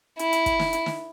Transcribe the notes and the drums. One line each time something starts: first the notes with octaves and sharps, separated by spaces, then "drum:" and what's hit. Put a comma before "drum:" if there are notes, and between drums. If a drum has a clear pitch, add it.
E4, drum: hi-hat
drum: hi-hat
drum: kick, hi-hat
drum: snare
drum: hi-hat
drum: snare